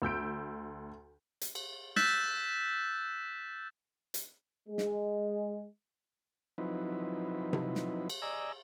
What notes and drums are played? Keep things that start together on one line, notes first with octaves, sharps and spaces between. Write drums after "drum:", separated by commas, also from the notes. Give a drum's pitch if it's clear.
D2 E6 G6 D7
drum: hi-hat
drum: cymbal
E6 F#6 G6 A6 B6 E7, drum: snare
drum: hi-hat
G#3
drum: snare
F3 F#3 C4 D#4 E4 B4
drum: tom C3
drum: snare
drum: cymbal
D5 D#5 G#5 A#5 E6